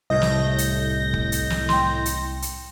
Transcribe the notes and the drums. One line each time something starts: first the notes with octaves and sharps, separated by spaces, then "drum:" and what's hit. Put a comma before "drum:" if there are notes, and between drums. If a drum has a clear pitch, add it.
C2 A2 D#5 G6 A#6
drum: snare
drum: hi-hat
drum: kick
drum: hi-hat
drum: snare
G5 C6, drum: snare
drum: hi-hat
drum: hi-hat